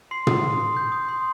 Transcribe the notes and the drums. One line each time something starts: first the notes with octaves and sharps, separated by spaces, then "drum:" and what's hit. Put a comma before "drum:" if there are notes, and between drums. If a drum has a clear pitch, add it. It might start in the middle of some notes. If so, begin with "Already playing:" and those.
C6 C7
D#6, drum: tom
C6
C6
G6
D#6
C6